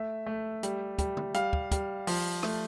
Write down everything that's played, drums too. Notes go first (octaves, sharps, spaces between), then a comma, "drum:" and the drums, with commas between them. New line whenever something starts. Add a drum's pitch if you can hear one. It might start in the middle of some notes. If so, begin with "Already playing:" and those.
Already playing: A3 E5
A3
G3, drum: hi-hat
G3, drum: kick, hi-hat
drum: tom
G3 F5, drum: hi-hat
drum: kick
G3, drum: kick, hi-hat
F3, drum: open hi-hat
A3, drum: rim click